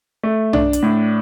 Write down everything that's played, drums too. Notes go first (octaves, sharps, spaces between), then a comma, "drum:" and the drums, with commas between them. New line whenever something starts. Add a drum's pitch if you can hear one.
A3
D4, drum: tom
drum: hi-hat
A2